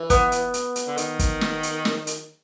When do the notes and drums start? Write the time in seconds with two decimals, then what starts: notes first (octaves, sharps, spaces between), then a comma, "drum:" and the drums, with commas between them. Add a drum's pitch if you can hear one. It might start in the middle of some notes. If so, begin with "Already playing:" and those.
Already playing: E3
0.10 B3, drum: kick, hi-hat
0.32 drum: hi-hat
0.54 drum: hi-hat
0.76 drum: hi-hat
0.87 D3
0.97 D#3, drum: hi-hat
1.19 drum: kick, hi-hat
1.41 drum: snare
1.63 drum: hi-hat
1.85 drum: snare
2.07 drum: hi-hat